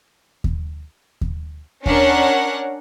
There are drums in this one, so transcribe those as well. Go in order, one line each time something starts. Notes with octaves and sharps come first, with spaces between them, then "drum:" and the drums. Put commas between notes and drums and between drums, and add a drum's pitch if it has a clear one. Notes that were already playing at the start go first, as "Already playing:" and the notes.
drum: kick D#2
drum: kick D#2
C#4 D4 A#4 C#5 F#5, drum: kick D#2